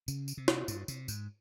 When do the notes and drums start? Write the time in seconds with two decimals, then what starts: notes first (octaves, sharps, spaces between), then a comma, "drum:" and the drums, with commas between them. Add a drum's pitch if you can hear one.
0.08 C#3, drum: tambourine
0.28 drum: tambourine
0.37 C3
0.48 drum: snare
0.68 G2, drum: tambourine
0.88 C3, drum: tambourine
1.08 G#2, drum: tambourine